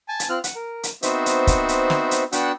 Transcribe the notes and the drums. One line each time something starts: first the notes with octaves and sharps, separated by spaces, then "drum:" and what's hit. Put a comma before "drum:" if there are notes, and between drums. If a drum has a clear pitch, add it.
G#5 A5
drum: hi-hat
C4 F4 F6 F#6
F#5, drum: hi-hat
A#4
drum: hi-hat
B3 C4 D#4 F#4 C5 E5, drum: hi-hat
drum: hi-hat
drum: kick, hi-hat
drum: hi-hat
drum: snare
drum: hi-hat
B3 D4 F#4 F#5 G5 E6, drum: hi-hat